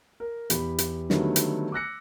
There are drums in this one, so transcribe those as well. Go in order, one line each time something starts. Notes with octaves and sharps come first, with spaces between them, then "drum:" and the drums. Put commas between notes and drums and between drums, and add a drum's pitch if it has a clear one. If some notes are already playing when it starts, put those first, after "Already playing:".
A#4
E2 G4 B5, drum: hi-hat
drum: hi-hat
D3 D#3 F#3 G3 A3 B3, drum: snare
drum: hi-hat
D6 E6 F#6 A#6 C#7